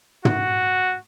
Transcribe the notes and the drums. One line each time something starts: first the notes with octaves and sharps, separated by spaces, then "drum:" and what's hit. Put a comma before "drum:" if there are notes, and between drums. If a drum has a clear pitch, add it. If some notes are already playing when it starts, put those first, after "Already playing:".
F#4, drum: tom